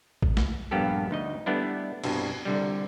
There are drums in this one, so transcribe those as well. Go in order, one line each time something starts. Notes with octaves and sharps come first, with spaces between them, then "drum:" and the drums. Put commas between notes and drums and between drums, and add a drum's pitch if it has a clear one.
drum: kick
drum: snare A3
A#1 G2 A#3 B3 G4 A4
D2 D#4 D#5
G3 A3 B3 D4 E4
C2 G2 B2, drum: cymbal
C2 D3 G3